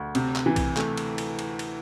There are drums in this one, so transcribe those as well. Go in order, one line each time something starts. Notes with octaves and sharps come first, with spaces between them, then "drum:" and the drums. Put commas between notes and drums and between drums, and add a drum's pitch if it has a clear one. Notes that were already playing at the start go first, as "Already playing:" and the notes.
Already playing: D2
C3, drum: cymbal
drum: clap
E3
drum: kick B1, cymbal
A3, drum: clap
drum: cymbal
drum: cymbal
drum: cymbal
drum: cymbal